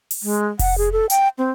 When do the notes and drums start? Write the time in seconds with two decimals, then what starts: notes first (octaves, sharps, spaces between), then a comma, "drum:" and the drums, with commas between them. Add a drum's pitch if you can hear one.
0.11 drum: open hi-hat
0.23 G#3
0.59 F#5, drum: kick F1, open hi-hat
0.78 G#4
0.92 A4
1.10 G5, drum: hi-hat
1.38 C4